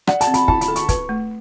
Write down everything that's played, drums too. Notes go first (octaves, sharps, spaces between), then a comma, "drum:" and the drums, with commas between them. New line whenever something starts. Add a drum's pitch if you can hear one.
D5 F#5, drum: rim click
A5, drum: hi-hat
C4
B5, drum: hi-hat
E4 A5, drum: kick
B5, drum: hi-hat
A4
C#6, drum: hi-hat
B4, drum: kick, hi-hat
A3